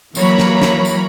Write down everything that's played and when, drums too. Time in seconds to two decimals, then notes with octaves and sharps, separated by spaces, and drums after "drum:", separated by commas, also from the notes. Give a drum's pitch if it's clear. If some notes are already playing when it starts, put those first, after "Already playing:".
0.15 E3 F#3 A#3 C#5 A#5 B5, drum: tambourine
0.38 drum: snare
0.62 drum: snare
0.85 drum: tambourine